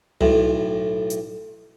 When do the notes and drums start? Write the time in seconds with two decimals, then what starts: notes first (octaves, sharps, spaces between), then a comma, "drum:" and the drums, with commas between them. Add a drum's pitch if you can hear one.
0.21 B1 A2, drum: tom C2
1.10 drum: hi-hat